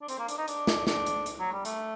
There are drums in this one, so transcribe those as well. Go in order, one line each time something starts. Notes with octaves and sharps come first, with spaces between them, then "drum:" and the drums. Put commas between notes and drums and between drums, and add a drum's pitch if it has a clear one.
D4
C4, drum: hi-hat
A#3
D4, drum: hi-hat
D#4
D4, drum: hi-hat
drum: snare
D4, drum: snare
drum: hi-hat
drum: hi-hat
F#3
G3
A3, drum: hi-hat